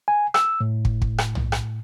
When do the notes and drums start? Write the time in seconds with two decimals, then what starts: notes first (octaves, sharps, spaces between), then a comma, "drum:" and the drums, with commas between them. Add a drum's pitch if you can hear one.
0.08 G#5
0.34 E6, drum: rim click
0.61 A2
0.85 drum: kick
1.02 drum: kick
1.18 drum: rim click
1.35 drum: tom
1.52 drum: rim click